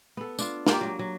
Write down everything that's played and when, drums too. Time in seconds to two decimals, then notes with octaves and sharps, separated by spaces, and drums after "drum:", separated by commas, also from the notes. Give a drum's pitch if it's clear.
0.17 B3 A4
0.39 D4 F4, drum: tambourine
0.67 A#3 F4 G4, drum: snare
0.81 F#3 A#3
0.99 F#3